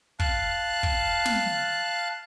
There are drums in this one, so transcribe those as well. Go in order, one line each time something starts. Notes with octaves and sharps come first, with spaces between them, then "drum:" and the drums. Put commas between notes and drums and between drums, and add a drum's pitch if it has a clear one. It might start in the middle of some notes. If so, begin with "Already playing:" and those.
F5 A5 F#6, drum: kick
drum: kick
drum: snare